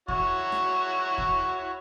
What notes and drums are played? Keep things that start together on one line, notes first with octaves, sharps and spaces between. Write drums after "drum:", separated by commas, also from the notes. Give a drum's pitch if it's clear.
E4 F#4 C#5, drum: kick D#2
drum: rim click
drum: kick D#2